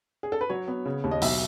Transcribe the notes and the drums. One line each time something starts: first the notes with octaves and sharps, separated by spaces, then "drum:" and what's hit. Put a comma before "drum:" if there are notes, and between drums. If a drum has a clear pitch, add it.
G#4
A4
B4
F#3 C#5
B3
C#3
D#2
D#5
B1 E5, drum: open hi-hat